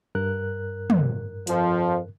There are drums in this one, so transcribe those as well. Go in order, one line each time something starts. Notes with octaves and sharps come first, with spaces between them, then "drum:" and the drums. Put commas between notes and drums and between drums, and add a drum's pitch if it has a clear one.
G2 A#4 F#6
drum: tom
F2 F3, drum: hi-hat